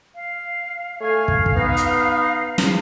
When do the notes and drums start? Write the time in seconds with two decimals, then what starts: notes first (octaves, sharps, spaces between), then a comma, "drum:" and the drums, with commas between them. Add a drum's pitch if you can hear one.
0.15 F5
1.01 A3 C#5 F5 G#5
1.28 drum: kick
1.46 drum: kick
1.56 B3 D#4
1.77 drum: hi-hat
2.58 drum: snare